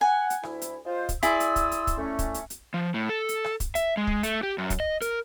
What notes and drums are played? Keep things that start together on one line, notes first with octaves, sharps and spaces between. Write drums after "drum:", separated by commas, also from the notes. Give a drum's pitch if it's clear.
F#5 G#5
drum: hi-hat
D2 E4, drum: rim click
drum: hi-hat
G#3 F4 C5
drum: kick, hi-hat
E4 G#4 D5 C6 D#6 E6, drum: hi-hat
drum: hi-hat
drum: kick, hi-hat
drum: hi-hat
drum: kick, hi-hat
A3 C#4
drum: kick, hi-hat
drum: hi-hat
drum: hi-hat
F3
A2
A4
drum: hi-hat
drum: rim click
drum: kick, hi-hat
E5, drum: hi-hat
G#3
drum: kick
A3, drum: hi-hat
G4
F#2
drum: kick, hi-hat
D#5
A#4, drum: hi-hat